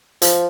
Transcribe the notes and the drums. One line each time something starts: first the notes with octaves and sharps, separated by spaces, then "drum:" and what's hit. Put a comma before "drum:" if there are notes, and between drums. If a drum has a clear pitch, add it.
F3, drum: hi-hat